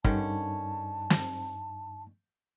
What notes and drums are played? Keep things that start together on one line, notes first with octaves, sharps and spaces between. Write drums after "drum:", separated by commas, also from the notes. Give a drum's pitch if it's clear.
G2 D3 D#3 C#4 D#4 A5, drum: kick
drum: snare